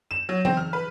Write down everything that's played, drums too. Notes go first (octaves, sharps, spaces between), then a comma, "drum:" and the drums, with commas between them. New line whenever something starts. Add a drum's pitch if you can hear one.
E7
F#3
C4, drum: tom E3
F6
B4